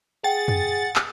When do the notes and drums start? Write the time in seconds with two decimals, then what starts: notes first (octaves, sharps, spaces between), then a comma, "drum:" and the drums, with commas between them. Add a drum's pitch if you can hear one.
0.24 G#4 F#5 G5 A6
0.48 drum: tom F2
0.96 drum: clap